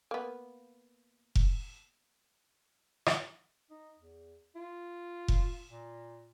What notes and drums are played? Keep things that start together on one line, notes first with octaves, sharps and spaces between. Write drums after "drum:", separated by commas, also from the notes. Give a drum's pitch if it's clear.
A#3 B3
drum: kick F1
drum: rim click
D#4
E2
F4
drum: kick F1
A#2